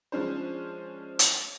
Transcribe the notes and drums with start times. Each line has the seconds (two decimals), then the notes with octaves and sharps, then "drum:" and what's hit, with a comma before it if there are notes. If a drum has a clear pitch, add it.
0.12 F3 G#3 C#4 D4 C5
1.19 drum: hi-hat